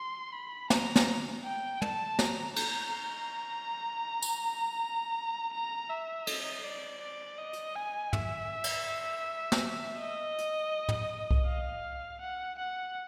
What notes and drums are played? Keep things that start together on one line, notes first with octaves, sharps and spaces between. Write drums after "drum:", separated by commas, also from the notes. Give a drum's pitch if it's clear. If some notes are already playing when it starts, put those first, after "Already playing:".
Already playing: C6
B5
A#5, drum: snare
drum: snare
G5
A5, drum: tom
A#5, drum: snare
A#5, drum: cymbal
drum: tambourine
A#5
E5
D#5, drum: cymbal
D5
D5
D#5
drum: hi-hat
G#5
E5, drum: tom
drum: cymbal
drum: snare
D#5
drum: hi-hat
drum: tom
drum: kick C2
F5
F#5
F#5